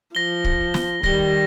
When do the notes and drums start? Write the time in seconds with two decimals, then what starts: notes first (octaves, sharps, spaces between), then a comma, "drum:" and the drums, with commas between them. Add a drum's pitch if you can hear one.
0.15 F3 A#6 G7
0.44 drum: kick
0.74 drum: snare
1.03 D#3 G3 A#6 G7, drum: kick